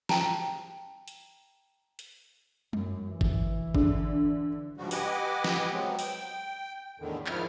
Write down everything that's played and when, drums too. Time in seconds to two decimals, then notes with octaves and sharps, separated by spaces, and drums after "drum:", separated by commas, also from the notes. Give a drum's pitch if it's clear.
0.09 G5 A5 A#5, drum: snare
1.08 drum: hi-hat
1.99 drum: hi-hat
2.73 F#2, drum: tom G3
3.09 E3
3.21 drum: kick G1
3.75 D3, drum: kick G1
4.77 G#2 C#3 F3 G3 F#4
4.91 G4 B4 D#5 F#5 G#5 D6, drum: open hi-hat
5.44 drum: snare
5.72 F#3 G#3 B3 C4
5.99 G5, drum: open hi-hat
6.99 E2 A2 D3 D#3
7.26 G#2 D#3 F3 E4 F6, drum: clap